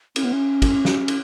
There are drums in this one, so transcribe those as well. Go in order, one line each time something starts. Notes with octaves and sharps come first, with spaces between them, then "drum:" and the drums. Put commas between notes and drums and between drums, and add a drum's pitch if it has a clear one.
C#4, drum: cymbal
B3
C#4
drum: kick, cymbal
drum: snare
drum: cymbal